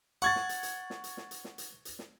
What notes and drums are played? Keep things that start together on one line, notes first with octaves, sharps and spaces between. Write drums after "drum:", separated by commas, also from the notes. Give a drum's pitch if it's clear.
F#5 C#6 G#6 A6
drum: snare
drum: hi-hat
drum: hi-hat
drum: snare
drum: hi-hat
drum: snare
drum: hi-hat
drum: snare
drum: hi-hat
drum: hi-hat
drum: snare